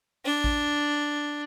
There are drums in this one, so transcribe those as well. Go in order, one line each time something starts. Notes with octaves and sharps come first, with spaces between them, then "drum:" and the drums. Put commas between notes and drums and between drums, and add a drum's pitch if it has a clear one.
D4, drum: open hi-hat
drum: kick A1